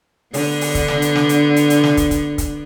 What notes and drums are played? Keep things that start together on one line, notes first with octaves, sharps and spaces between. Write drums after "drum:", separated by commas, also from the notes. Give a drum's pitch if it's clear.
D3 B3 D4, drum: open hi-hat
drum: open hi-hat
drum: kick, hi-hat
drum: snare
drum: hi-hat
drum: snare
drum: hi-hat
drum: hi-hat
drum: hi-hat
drum: snare
drum: kick, hi-hat
drum: kick, hi-hat
drum: kick, hi-hat